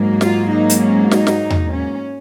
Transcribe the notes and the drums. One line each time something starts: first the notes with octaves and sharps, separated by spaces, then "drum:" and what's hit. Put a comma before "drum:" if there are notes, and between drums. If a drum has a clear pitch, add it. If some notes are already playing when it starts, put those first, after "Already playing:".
Already playing: G#2 F#3 A#3
F4, drum: snare
D#4
drum: hi-hat
C#4
D#4, drum: snare
drum: snare
drum: tom E2
C#4